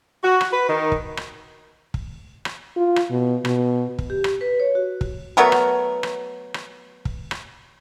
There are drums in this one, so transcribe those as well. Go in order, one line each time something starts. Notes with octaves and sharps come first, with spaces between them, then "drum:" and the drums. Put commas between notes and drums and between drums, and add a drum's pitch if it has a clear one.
F#4
drum: rim click
B4
D#3
drum: kick
drum: rim click
drum: kick
drum: rim click
F4
drum: rim click
B2
B2, drum: rim click
drum: kick
G4
drum: rim click
B4
C#5
F#4
drum: kick
F#3 A3 B3 A#4
drum: rim click
drum: rim click
drum: rim click
drum: kick
drum: rim click